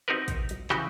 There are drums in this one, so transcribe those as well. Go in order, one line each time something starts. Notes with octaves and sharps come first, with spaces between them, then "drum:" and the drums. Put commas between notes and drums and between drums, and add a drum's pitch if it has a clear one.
C4 D#4 F#4 G4 A#4 B4
drum: kick, hi-hat
drum: hi-hat
C#3 E3 F#4 G4 G5, drum: clap